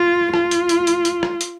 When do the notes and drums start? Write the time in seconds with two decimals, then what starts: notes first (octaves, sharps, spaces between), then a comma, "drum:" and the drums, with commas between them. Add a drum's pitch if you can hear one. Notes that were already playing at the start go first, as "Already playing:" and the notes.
Already playing: F4
0.34 F4, drum: rim click
0.51 drum: hi-hat
0.69 drum: hi-hat
0.87 drum: hi-hat
1.05 drum: hi-hat
1.23 drum: rim click
1.41 drum: hi-hat